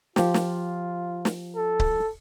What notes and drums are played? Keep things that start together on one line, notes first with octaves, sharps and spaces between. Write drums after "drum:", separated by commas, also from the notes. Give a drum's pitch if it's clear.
F3 F4 G4, drum: snare
drum: snare
drum: snare
A4
drum: kick C#1